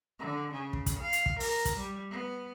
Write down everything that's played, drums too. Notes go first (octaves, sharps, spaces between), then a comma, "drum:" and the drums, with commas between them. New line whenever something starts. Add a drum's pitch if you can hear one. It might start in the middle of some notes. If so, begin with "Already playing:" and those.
D3
C#3
drum: kick
drum: kick, hi-hat
F5
drum: hi-hat
drum: kick
A#4, drum: open hi-hat
drum: kick, hi-hat
G3
B3